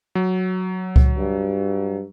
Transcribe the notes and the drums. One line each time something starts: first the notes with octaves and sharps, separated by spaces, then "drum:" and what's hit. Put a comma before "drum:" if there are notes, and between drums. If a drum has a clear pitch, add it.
F#3
drum: kick C#2
G2